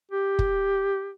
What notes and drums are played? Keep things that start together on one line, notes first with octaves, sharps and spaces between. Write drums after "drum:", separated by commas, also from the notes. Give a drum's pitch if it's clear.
G4
drum: kick